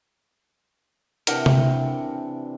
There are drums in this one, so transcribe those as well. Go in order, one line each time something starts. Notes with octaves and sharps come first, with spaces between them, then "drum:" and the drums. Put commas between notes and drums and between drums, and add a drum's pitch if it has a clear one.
C3 E3 D4 A#4 F#5 G5, drum: hi-hat
drum: tom C3